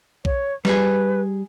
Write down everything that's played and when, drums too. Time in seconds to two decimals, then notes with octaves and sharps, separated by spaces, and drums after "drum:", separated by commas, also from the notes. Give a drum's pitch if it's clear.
0.25 C#5, drum: kick B1
0.65 G3 G#4 B4, drum: snare